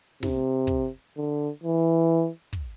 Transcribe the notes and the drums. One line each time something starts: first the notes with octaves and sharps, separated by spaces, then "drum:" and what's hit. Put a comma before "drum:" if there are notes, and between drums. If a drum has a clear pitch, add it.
C3, drum: snare
drum: kick
D3
E3
drum: kick